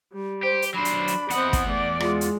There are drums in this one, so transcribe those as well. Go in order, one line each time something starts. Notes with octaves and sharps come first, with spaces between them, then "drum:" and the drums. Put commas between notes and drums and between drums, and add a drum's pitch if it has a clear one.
G3
G4 C5
drum: hi-hat
F#3 D4 C5 B5
drum: hi-hat
drum: hi-hat
E2 C4 D#5 F#5, drum: hi-hat
drum: kick, hi-hat
A3 D5
G#3 F4, drum: rim click
drum: hi-hat